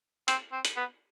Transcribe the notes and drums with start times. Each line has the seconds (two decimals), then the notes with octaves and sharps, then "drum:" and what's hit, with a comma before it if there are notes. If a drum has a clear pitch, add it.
0.28 C4, drum: hi-hat
0.52 C4
0.65 drum: hi-hat
0.77 B3